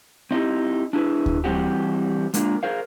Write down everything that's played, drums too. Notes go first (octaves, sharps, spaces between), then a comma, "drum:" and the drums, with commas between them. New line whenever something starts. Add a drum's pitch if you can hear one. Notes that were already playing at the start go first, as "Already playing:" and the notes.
C4 D#4 E4 G4
D4 E4 G#4 B4
drum: kick D2
E3 G3 A#3 C4 F#4 G4
G#3 A#3 D4 F4 A#4, drum: hi-hat
G#4 A#4 C5 F5